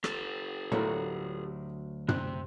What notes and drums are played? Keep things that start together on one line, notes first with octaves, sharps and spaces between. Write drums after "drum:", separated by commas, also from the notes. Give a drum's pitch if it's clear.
G4 A4, drum: rim click
D2 A2 F#3 A3 A#3 A5
C3 F#6, drum: tom